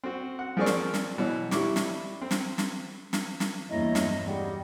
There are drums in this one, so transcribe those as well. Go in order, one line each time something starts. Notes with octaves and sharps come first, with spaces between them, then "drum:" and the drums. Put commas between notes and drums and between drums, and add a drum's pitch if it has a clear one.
C4 F#4
F#5
F3 C4 G#4 A#4 D5 C#6
drum: snare
drum: snare
B2 E3 F#3
G3 E4 C#6 D6, drum: snare
drum: snare
C4
drum: snare
drum: snare
drum: snare
drum: snare
E2 G2 F#3 A#3 C#4 E4 D#5 A#5
drum: snare
G3 G#3 F#4 G4